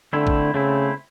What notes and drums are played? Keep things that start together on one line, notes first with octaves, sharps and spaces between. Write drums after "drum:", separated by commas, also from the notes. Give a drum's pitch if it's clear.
D3 A3 C4 E4
drum: kick A1
C#3 A3 C4 E4